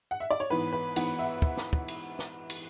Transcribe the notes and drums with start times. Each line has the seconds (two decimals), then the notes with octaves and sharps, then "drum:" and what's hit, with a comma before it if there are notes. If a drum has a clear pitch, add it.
0.11 F#5
0.20 E5
0.31 D5
0.40 C#5
0.50 G#2 E3 B3 B4
0.73 B4
0.96 G#2 E3 B3 F#5, drum: cymbal
1.19 E5
1.42 drum: kick
1.57 drum: snare
1.73 drum: kick
1.88 drum: cymbal
2.19 drum: snare
2.50 drum: cymbal